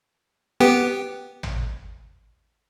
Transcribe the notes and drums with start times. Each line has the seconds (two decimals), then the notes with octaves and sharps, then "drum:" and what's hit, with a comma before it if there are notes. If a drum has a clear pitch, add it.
0.60 B3 G4
1.43 drum: tom